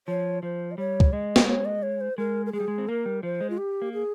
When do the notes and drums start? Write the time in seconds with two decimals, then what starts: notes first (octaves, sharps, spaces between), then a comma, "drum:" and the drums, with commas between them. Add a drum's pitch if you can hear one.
0.07 F3 C#5
0.43 F3 C5
0.71 D#5
0.78 G3 C#5
1.00 drum: kick
1.13 G#3 D#5
1.36 drum: snare
1.48 C#5
1.65 D#5
1.83 C#5
2.01 C5
2.18 G#3 A#4
2.46 A#4
2.53 G#3 G#4
2.60 G3
2.68 G#3
2.78 C4
2.88 A#3 A#4
3.06 G3
3.23 F3 C5
3.41 G#3
3.50 F4
3.58 G4
3.82 A#3
3.93 G#4